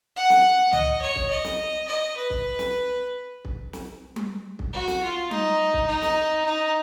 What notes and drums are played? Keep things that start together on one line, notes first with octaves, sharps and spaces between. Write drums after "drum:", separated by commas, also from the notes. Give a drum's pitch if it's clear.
F#5
drum: snare
D#5, drum: tom
C#5
drum: kick
D#5
drum: snare
D#5
B4
drum: kick
drum: snare
drum: kick
drum: snare
drum: tom G3
drum: kick
F#4
drum: snare
F4
D#4, drum: tom G3
drum: kick
D#4
drum: snare
D#4